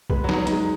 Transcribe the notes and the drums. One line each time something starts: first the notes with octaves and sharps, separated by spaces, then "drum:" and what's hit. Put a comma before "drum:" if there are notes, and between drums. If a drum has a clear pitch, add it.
G#3 B4, drum: kick B1
F#3
D#4, drum: snare
F#3
G#3 D#4, drum: hi-hat